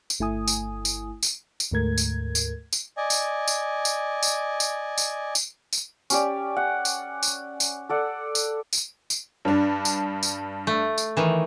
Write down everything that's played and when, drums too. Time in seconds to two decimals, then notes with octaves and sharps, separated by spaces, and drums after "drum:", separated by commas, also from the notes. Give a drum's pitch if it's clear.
0.10 drum: tambourine
0.19 G1 A3 E4 G#5 D#6
0.48 drum: tambourine
0.85 drum: tambourine
1.23 drum: tambourine
1.60 drum: tambourine
1.71 D2 G#2 A3 A#4 G#6
1.98 drum: tambourine
2.35 drum: tambourine
2.73 drum: tambourine
2.97 D5 D#5 G#5
3.10 drum: tambourine
3.48 drum: tambourine
3.85 drum: tambourine
4.23 drum: tambourine
4.60 drum: tambourine
4.98 drum: tambourine
5.35 drum: tambourine
5.73 drum: tambourine
6.10 C#4 G4 D5, drum: tambourine
6.56 F#5
6.85 drum: tambourine
7.23 drum: tambourine
7.60 drum: tambourine
7.89 A4 D5 F#5
8.35 drum: tambourine
8.73 drum: tambourine
9.10 drum: tambourine
9.45 G2 D4
9.85 drum: tambourine
10.23 drum: tambourine
10.67 A3
10.98 drum: tambourine
11.17 D#3 E3